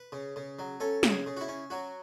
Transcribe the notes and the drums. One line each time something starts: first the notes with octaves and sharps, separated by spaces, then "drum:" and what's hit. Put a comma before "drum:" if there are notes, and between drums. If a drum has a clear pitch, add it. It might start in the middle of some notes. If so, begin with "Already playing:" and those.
Already playing: B4
C#3
C#3
F#3
C#4 A4
C#3, drum: snare
G#4
C#3
F#4
E4
C#4
F#3 F#4